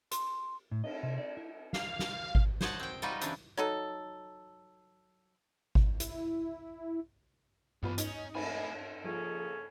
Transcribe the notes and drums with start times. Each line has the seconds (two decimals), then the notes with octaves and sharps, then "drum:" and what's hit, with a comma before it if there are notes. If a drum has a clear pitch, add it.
0.11 C6, drum: hi-hat
0.71 A2
0.84 D#5, drum: cymbal
1.03 C3
1.18 D5
1.37 E4
1.73 F5, drum: snare
1.99 drum: snare
2.35 drum: kick G#1
2.61 C5 C#5 D#5 F#5 A5, drum: snare
2.79 C4 G5
3.02 G3 D#4 F4 F#4 B4 D#5
3.21 C#3 E3 G3 C4 D4, drum: hi-hat
3.57 F#3 D#4 A4
5.75 drum: kick G#1
6.00 E4, drum: hi-hat
7.83 B1 E3 B3 F4 B4, drum: tom G2
7.98 C#4 D#4, drum: hi-hat
8.35 A3 G#5 B5, drum: cymbal
9.04 C#3 F3 A#3 C#4 G#4 A4